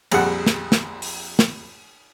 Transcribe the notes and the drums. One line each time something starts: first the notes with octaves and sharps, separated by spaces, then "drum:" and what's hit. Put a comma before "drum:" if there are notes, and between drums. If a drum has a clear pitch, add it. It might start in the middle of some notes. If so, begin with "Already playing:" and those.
A#1 F2 G3 G#4 F#5, drum: cymbal
drum: snare
drum: snare
drum: open hi-hat
drum: snare